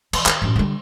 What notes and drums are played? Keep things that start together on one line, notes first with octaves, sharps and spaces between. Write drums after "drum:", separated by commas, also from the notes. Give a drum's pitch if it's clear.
E3, drum: cymbal
D#3, drum: clap
A1 F#2
D3 G3